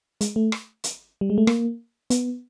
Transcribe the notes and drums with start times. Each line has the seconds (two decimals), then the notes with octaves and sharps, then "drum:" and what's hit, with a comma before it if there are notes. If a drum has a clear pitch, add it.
0.21 G#3, drum: hi-hat
0.36 A3
0.52 drum: rim click
0.84 drum: hi-hat
1.21 G3
1.30 G#3
1.38 A3
1.47 A#3, drum: rim click
2.10 B3, drum: hi-hat